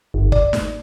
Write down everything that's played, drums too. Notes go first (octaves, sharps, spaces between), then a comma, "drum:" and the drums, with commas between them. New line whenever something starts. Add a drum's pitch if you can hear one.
G1
D5, drum: kick
drum: snare